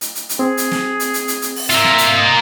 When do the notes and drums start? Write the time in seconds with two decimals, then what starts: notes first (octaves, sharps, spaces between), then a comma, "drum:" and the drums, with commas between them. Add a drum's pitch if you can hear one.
0.01 drum: hi-hat
0.15 drum: hi-hat
0.29 drum: hi-hat
0.39 C4 G#4
0.57 drum: hi-hat
0.71 drum: snare
1.00 drum: hi-hat
1.14 drum: hi-hat
1.28 drum: hi-hat
1.42 drum: hi-hat
1.56 drum: open hi-hat
1.70 A#3 F4 E5, drum: hi-hat
1.84 drum: snare
1.98 drum: hi-hat
2.17 D#5